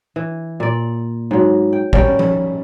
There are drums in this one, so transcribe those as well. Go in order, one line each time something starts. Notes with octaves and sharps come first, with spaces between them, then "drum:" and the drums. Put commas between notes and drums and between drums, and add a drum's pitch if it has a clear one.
E3
A#2 D5
G#2 F#3
G5
G3 C#4 A#4 G5, drum: kick
drum: tom F3